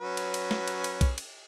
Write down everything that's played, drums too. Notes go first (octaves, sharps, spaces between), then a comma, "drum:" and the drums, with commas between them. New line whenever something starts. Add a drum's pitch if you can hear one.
F#3 C#4 B4
drum: cymbal
drum: cymbal
drum: snare
drum: cymbal
drum: cymbal
drum: kick B1, cymbal
drum: cymbal